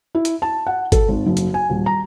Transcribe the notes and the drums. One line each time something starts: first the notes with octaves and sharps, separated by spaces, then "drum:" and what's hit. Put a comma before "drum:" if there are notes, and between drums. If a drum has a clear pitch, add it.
E4
drum: hi-hat
A5
F#5
A4, drum: kick, hi-hat
G#1
F#1
drum: hi-hat
G#5
D#1
A#5